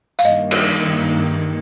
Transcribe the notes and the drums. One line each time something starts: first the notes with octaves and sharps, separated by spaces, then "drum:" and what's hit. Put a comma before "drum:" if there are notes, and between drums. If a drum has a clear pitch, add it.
F5, drum: tambourine
G2 D#3 A#3 D#5
drum: cymbal